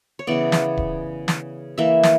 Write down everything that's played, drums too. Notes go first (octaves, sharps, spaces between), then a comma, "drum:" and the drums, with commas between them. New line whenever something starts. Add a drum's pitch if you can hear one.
C#5
C#3 E3 B3 D5
drum: snare
drum: kick D1
drum: snare
E3 A#3 E5
drum: snare